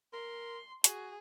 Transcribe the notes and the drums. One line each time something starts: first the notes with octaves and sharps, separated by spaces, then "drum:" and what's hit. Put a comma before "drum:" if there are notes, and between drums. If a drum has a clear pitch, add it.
A#4 C6
F#4 G#4, drum: hi-hat